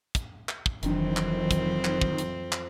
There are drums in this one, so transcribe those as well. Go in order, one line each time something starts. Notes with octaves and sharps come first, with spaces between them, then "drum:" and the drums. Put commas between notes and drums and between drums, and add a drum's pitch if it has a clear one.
drum: kick, hi-hat
drum: clap
drum: kick
F1 F2 D#3 E3 F#3 C4 D4, drum: hi-hat
drum: clap
drum: kick, hi-hat
drum: clap
drum: kick
drum: hi-hat
drum: clap